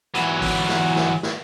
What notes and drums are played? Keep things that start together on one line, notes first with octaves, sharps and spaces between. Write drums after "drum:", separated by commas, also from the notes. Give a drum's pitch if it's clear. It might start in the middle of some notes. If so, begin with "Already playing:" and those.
E3 F#3, drum: hi-hat
drum: kick G#1, open hi-hat
drum: snare
drum: snare
drum: snare